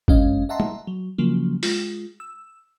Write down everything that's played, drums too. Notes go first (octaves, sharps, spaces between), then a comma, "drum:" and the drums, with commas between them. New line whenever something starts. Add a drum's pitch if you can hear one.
G1 F#2 G#3 C#4 D#5 F5, drum: kick G#1
D#5 E5 F#5 A5 A#5 C6
drum: tom
F#3
C#3 F3 F#3 A#3
G#3 F4, drum: open hi-hat
E6